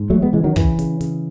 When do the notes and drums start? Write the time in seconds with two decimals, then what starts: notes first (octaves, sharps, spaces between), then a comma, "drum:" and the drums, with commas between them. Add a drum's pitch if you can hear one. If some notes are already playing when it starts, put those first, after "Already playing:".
Already playing: G#2
0.10 E2 F#3 A3
0.22 G#3 B3
0.33 C#3 E3 G#3
0.44 D#3 F#3
0.56 C#3 E3, drum: kick, hi-hat
0.79 C#3, drum: hi-hat
1.01 C#3, drum: hi-hat